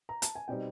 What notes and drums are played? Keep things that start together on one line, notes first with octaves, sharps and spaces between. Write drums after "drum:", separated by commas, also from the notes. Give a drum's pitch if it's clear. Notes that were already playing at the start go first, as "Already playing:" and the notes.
A#5
A5, drum: hi-hat
G#5
B2 G3 C4 D#4 G5